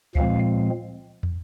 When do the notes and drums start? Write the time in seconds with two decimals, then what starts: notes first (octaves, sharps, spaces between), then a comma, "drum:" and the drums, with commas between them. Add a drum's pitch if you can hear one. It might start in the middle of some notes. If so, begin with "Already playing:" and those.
0.15 A#2 F3 G#3 C4 F5, drum: kick C#2
1.23 drum: tom